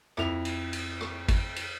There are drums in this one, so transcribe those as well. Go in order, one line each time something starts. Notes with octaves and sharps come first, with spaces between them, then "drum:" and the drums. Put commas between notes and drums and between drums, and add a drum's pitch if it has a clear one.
F2 E4 F7, drum: rim click
drum: cymbal
drum: cymbal
drum: rim click
drum: kick, cymbal
drum: cymbal